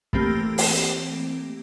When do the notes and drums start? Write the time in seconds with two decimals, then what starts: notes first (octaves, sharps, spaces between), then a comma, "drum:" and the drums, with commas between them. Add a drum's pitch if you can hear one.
0.13 E3 A3 A#3 C4 G4 D7, drum: kick
0.58 drum: open hi-hat